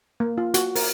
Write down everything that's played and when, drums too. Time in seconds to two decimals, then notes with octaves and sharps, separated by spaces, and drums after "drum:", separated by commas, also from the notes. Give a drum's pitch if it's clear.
0.20 A#3
0.38 F4
0.54 F#4, drum: hi-hat
0.75 A#4, drum: open hi-hat